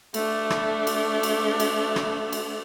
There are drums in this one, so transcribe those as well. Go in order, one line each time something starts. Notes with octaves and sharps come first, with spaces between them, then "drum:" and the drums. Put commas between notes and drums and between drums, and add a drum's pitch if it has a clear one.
A3 D4, drum: cymbal
drum: rim click
drum: cymbal
drum: cymbal
drum: cymbal
drum: rim click
drum: cymbal